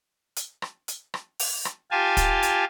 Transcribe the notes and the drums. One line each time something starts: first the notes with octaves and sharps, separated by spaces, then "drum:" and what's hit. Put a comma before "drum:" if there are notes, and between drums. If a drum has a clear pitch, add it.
drum: hi-hat
drum: rim click
drum: hi-hat
drum: rim click
drum: open hi-hat
drum: rim click
F4 G4 F5 G#5 A5
drum: kick, hi-hat
drum: hi-hat